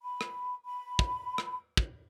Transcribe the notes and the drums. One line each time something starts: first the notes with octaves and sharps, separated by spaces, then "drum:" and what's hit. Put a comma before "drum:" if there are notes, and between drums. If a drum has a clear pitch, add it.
B5
drum: rim click
B5
drum: kick
drum: rim click
drum: kick